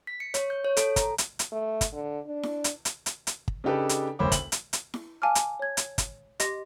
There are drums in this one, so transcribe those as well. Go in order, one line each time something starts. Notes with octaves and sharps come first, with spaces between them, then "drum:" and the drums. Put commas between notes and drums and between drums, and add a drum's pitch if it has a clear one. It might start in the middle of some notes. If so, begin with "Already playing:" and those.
B6
C#7
C#5, drum: hi-hat
G6
C#5
A4, drum: hi-hat
A#5, drum: kick, hi-hat
drum: hi-hat
drum: hi-hat
A3
drum: kick, hi-hat
D3
D4
drum: snare E4
drum: hi-hat
drum: hi-hat
drum: hi-hat
drum: hi-hat
drum: kick
C#3 D4 D#4 G4 A4 B4
drum: hi-hat
F#1 D2 C5 C#5 B5 D6
F#7, drum: kick, hi-hat
drum: hi-hat
drum: hi-hat
drum: snare E4
F5 G#5 A5 D6 F6
drum: hi-hat
C#5 G#6
drum: hi-hat
drum: kick, hi-hat
G4 D#5 C6 A#6, drum: hi-hat